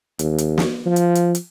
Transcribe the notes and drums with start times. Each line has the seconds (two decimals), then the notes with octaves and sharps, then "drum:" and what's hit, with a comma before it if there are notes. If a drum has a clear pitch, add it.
0.19 D#2, drum: hi-hat
0.38 drum: hi-hat
0.58 drum: snare
0.86 F3
0.96 drum: hi-hat
1.15 drum: hi-hat
1.35 drum: hi-hat